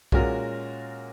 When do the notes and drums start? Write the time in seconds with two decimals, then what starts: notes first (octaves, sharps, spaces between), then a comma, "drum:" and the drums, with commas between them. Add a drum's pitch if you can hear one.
0.12 A#2 G#3 C#4 F#4 A#4, drum: kick B1